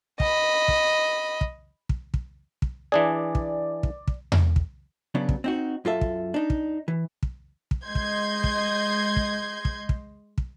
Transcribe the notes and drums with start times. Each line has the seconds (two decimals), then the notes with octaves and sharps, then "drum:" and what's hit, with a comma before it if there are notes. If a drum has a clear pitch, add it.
0.20 D#5 B5, drum: kick
0.68 drum: kick
1.41 drum: kick
1.89 drum: kick
2.14 drum: kick
2.62 drum: kick
2.92 E3 D4 G#4 D5
3.35 drum: kick
3.83 drum: kick
4.08 drum: kick
4.32 drum: tom E2
4.56 drum: kick
5.15 C#3 F#3 B3 D4
5.29 drum: kick
5.44 C4 D#4 F#4
5.85 F#2 F4 A4 E5
6.01 drum: kick
6.34 D4 D#4
6.50 drum: kick
6.88 E3
7.23 drum: kick
7.71 drum: kick
7.85 G#3 D#5 C6 G6 G#6
7.95 drum: kick
8.44 drum: kick
9.16 drum: kick
9.65 drum: kick
9.89 drum: kick
10.38 drum: kick